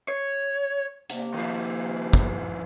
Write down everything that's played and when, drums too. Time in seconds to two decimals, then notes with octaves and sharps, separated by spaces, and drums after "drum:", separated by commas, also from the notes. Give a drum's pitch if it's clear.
0.08 C#5
1.10 C3 A#3, drum: hi-hat
1.34 D#3 F3
2.13 drum: kick